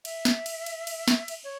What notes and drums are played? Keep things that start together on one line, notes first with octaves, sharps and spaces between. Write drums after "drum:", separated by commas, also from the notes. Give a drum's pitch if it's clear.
E5, drum: cymbal
drum: snare
drum: cymbal
drum: cymbal
drum: cymbal
drum: snare
drum: cymbal
C#5